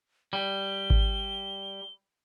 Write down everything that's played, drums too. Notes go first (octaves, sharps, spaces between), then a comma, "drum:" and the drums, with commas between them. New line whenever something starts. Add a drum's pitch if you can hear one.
G3 G7
drum: kick G#1